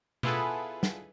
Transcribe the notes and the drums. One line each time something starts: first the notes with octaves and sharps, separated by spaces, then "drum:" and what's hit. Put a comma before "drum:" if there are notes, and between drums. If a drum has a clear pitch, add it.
B3 E4 F4 G#4 A4 B4, drum: tom B2
drum: snare